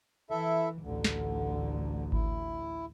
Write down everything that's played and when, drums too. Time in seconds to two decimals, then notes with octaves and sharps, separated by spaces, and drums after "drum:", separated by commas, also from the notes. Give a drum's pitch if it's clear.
0.30 E3 E4 A4 E5
0.83 A1 D2 D3
1.04 drum: snare
2.12 E4, drum: kick G#1